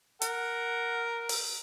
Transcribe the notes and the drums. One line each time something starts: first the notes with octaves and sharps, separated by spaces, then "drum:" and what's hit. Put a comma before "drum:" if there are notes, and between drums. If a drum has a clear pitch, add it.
A#4 F#5, drum: hi-hat
drum: open hi-hat